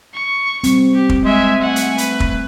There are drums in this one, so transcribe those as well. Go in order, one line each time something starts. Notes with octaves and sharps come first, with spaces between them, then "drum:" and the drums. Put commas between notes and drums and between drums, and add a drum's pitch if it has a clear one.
C#6
G3 C4, drum: hi-hat
G4
drum: kick
G#3 E5 G#5
A3 F#5 G#5
drum: hi-hat
B4, drum: hi-hat
drum: kick